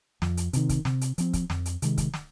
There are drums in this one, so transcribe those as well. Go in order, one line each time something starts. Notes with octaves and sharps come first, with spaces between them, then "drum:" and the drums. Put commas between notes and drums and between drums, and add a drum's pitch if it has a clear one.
F2, drum: snare
drum: hi-hat
C3 D#3, drum: hi-hat
drum: kick, hi-hat
C3, drum: snare
drum: hi-hat
F3 C4, drum: hi-hat
drum: kick, hi-hat
F2, drum: snare
drum: hi-hat
C3 D#3 G#3, drum: hi-hat
drum: kick, hi-hat
drum: snare